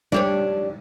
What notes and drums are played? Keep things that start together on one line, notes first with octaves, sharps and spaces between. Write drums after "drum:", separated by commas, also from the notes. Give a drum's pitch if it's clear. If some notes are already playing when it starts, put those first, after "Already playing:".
D4 G4 C#5, drum: tom G3